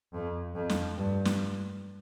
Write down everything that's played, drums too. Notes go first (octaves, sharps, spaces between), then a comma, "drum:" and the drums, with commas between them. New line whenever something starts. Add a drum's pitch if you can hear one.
F2
F2
drum: snare
G2
drum: snare